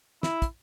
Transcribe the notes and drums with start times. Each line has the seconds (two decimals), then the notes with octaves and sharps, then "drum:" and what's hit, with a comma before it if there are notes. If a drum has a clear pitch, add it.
0.23 E4, drum: snare
0.42 drum: kick, hi-hat